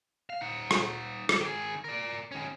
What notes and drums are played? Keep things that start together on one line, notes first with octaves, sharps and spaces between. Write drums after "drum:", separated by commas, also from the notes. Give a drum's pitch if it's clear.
F5
D#4 F#5
drum: rim click
drum: rim click
D#3 G#4
A#4 D5
D#3 C#4